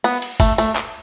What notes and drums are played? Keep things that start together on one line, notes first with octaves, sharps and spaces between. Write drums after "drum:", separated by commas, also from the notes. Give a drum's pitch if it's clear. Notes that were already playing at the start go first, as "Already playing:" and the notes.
B3, drum: cymbal
drum: cymbal
A3, drum: kick G#1, cymbal
A3, drum: cymbal
drum: clap